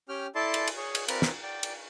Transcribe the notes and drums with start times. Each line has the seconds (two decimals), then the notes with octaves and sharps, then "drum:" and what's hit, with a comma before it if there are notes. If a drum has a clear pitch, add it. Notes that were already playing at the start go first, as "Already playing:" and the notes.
0.09 C#4 G4 G5 F6
0.35 E4 A4 D5 A5 C6
0.54 drum: cymbal
0.67 drum: cymbal
0.77 G#4 C#5
0.95 drum: cymbal
1.08 C4 A#4 B4 D5 F5 B5, drum: cymbal
1.22 drum: snare
1.43 D5 G5
1.63 drum: cymbal